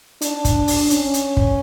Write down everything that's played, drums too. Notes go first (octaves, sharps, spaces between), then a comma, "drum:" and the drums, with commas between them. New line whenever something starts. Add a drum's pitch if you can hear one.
D4, drum: hi-hat
drum: kick, hi-hat
drum: open hi-hat
C#4, drum: hi-hat
drum: hi-hat
drum: kick